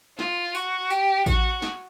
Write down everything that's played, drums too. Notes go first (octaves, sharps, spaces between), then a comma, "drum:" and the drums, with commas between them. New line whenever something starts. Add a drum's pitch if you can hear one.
F4, drum: snare
F#4, drum: tambourine
G4, drum: tambourine
F#4, drum: kick A1, tambourine
drum: snare